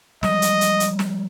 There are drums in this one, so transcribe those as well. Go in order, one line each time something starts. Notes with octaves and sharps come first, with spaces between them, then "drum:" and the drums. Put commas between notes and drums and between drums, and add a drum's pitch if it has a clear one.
F3 G3 G#3 D#5, drum: snare
drum: hi-hat
drum: hi-hat
drum: hi-hat
drum: snare